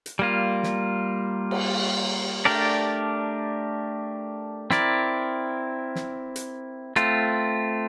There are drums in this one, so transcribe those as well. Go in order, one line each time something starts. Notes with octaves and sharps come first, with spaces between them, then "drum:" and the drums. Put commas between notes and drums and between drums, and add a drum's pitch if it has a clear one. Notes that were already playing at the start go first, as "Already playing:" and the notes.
drum: hi-hat
G3 A#3 F4
drum: snare
drum: cymbal
A3 D4 G4 A#4 D5
C4 E4 A#4 D5, drum: snare
drum: snare
drum: hi-hat
A3 C4 F4, drum: rim click